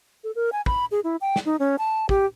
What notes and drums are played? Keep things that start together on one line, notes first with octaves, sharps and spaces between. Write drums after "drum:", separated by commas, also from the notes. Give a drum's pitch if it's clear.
A4
A#4
G#5
B5, drum: kick
G#4
E4
G5
drum: snare
D#4
C#4
A5
G4, drum: kick